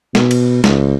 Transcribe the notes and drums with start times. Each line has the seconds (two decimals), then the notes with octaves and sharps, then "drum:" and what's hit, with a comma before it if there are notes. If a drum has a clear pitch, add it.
0.15 B2, drum: snare
0.31 drum: cymbal
0.64 C#2, drum: snare